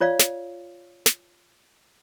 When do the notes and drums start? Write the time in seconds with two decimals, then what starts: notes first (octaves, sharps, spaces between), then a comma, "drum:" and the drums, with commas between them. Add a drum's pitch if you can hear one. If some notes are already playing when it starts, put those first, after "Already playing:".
0.01 F4 C#5 D5 F5
0.19 drum: snare
1.06 drum: snare